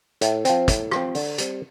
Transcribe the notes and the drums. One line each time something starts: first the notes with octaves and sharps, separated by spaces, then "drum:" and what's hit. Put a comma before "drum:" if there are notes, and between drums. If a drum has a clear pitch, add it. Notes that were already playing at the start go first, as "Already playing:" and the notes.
A2, drum: hi-hat
F3 C4, drum: hi-hat
A2, drum: kick, hi-hat
F3 C4, drum: rim click
D3, drum: open hi-hat
G3 C4, drum: hi-hat